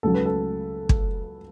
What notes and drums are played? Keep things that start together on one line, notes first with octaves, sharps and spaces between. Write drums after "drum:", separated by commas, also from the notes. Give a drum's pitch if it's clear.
C#2 C#3 F#3 A4
B4
A4
drum: kick